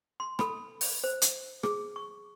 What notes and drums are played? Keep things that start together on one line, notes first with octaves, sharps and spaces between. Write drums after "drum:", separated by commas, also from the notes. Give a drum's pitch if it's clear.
C6
A4 B5, drum: rim click
drum: open hi-hat
C5
drum: hi-hat
G#4, drum: rim click
C#6